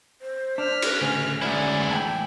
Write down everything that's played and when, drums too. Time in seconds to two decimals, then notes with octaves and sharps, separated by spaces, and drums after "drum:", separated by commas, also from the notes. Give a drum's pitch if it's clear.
0.22 C5
0.58 D4 F6 B6
0.82 drum: cymbal
1.01 D2 A2 C#3 G#5
1.42 D2 G#2 C#4 E4 D5 G#5
1.91 E2 A2 G5 A5